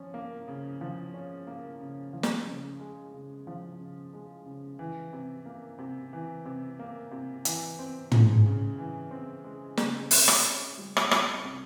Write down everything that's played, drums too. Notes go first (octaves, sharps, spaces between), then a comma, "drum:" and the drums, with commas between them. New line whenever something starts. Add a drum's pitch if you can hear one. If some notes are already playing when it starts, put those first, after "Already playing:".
Already playing: F3 C#4
A#3
C#3
F3
C#4
A#3
C#3
F3
drum: snare
C#3
G#3
C#3
F3
C#3
G#3
C#3
E3
C3
A#3
C3
E3
C3
A#3
C3
E3, drum: hi-hat
C4
G#3, drum: tom
C#3
E3
C4
G#3
C#3, drum: snare
C3, drum: open hi-hat
drum: rim click
C#4
G3
drum: rim click
C2, drum: rim click
C3